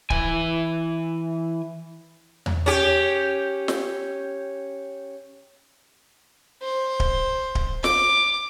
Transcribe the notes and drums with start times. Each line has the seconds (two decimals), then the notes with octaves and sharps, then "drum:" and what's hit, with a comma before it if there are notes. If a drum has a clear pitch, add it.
0.10 E3 G#5, drum: kick D1
2.46 drum: tom E2
2.66 C#4 G4
3.68 drum: snare
6.62 C5
7.00 drum: kick D1
7.55 drum: kick D1
7.84 D6, drum: snare